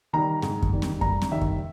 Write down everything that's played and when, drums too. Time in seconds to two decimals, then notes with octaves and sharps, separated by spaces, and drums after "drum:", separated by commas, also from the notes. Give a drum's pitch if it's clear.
0.13 D#3 G3 A#5
0.42 G#2, drum: snare C4
0.62 drum: kick F#2
0.73 D#3 G3
0.82 drum: snare C4
1.01 G2 A#5, drum: kick F#2
1.22 drum: snare C4
1.31 D#3 G3 E5
1.41 drum: kick F#2